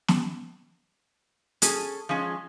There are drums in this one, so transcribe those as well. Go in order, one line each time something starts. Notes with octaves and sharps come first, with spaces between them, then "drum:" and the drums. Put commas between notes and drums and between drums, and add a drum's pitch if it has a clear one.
drum: snare
C#4 G#4 A4, drum: hi-hat
F3 G#3 C#4